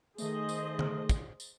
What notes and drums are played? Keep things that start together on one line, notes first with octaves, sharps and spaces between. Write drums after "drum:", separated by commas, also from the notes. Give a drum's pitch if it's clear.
D#3 A3 G#4 C5 D#5, drum: tambourine
drum: tambourine
drum: tom D3
drum: kick, tambourine
drum: tambourine